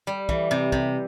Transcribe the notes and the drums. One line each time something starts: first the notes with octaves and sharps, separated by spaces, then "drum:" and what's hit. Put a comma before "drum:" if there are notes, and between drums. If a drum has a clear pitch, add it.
G3
E3, drum: kick
C3
C3, drum: kick